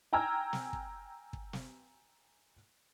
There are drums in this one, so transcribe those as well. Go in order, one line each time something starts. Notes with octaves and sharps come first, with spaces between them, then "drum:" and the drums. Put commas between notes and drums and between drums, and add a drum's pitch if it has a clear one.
G5 G#5 A#5 E6 F6 G#6
drum: snare
drum: kick
drum: kick
drum: snare